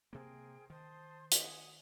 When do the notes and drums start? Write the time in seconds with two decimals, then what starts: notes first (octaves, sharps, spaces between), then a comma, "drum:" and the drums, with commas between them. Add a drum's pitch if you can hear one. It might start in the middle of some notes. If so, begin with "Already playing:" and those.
0.13 C3 A#3 G#4 A#4 C5 G5
0.70 D#3 C5 A5 C6 D#6
1.31 F#5 G#5 D#6, drum: hi-hat